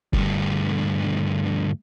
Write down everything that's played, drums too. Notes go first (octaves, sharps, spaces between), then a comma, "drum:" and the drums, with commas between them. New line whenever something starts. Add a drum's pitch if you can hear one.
D2 G2, drum: kick